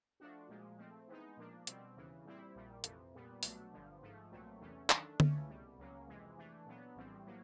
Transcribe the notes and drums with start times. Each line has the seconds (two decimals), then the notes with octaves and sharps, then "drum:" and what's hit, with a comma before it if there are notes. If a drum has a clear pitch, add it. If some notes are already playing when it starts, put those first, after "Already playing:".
0.20 F3 A3 D4 F#4
0.49 A#2 F3 G#3
0.78 F3 A3 C4
1.08 E3 G#3 B3 D#4
1.37 A#2 F3 A#3 D4
1.67 B2 G3 C4, drum: hi-hat
1.96 D#2 C#3 E3
2.25 A#2 G3 C4 E4
2.55 A#1 A#2 G3
2.84 F2 C3 E3 A3, drum: hi-hat
3.14 A#2 G3 B3
3.43 B1 B2 F#3 A3 D4, drum: open hi-hat
3.72 G1 G2 D3 F3
4.02 G#2 F3 A3
4.31 B1 A#2 F#3 A3 C4
4.61 E2 C3 E3 A3 C#4
4.90 D#3 F#3 A3 D4, drum: clap
5.20 C#2 C#3 E3 A3 C#4, drum: tom D3
5.49 C2 B2 G3
5.78 C#2 C#3 F#3 A#3 C#4
6.08 F2 C3 E3 G#3
6.38 E3 A3 D4
6.66 A#2 F#3 B3 D4
6.96 A#1 A2 E3 G3 C4
7.26 A2 F#3 A#3